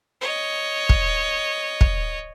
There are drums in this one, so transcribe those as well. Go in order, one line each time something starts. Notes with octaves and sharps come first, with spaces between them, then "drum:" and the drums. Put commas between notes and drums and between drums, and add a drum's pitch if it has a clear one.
C#5 D#5
drum: kick
drum: kick